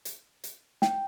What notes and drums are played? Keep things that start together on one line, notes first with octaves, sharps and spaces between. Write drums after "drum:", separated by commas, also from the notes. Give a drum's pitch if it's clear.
drum: hi-hat
drum: hi-hat
G5, drum: snare